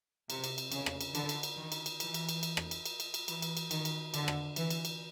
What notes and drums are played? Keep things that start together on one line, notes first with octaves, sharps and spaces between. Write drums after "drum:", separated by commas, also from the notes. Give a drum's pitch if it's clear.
C3, drum: cymbal
drum: cymbal
drum: cymbal
C#3, drum: cymbal
drum: rim click
drum: cymbal
D3, drum: cymbal
drum: cymbal
drum: cymbal
D#3
drum: cymbal
drum: cymbal
E3, drum: cymbal
drum: cymbal
drum: cymbal
drum: cymbal
drum: rim click
drum: cymbal
drum: cymbal
drum: cymbal
drum: cymbal
E3, drum: cymbal
drum: cymbal
drum: cymbal
D#3, drum: cymbal
drum: cymbal
D3, drum: cymbal
drum: rim click
E3, drum: cymbal
drum: cymbal
drum: cymbal